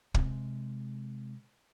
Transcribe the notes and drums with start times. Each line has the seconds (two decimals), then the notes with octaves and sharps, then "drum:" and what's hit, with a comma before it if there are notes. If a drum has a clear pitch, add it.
0.14 C3 G#3, drum: kick